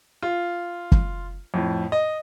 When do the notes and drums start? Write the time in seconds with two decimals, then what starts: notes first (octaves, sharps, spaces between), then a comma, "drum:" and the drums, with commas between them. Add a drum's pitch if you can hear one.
0.22 F4
0.92 drum: kick
1.54 F2 A2
1.92 D#5